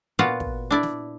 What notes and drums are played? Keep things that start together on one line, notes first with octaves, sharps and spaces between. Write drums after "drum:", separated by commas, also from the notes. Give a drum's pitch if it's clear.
A#2 B3 F4 F#4 F#5
drum: kick
D4 E4 D5
drum: snare